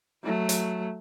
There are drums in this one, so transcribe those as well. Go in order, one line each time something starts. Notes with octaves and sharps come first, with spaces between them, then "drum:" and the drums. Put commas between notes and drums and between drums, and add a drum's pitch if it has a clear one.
F#3 A3
drum: hi-hat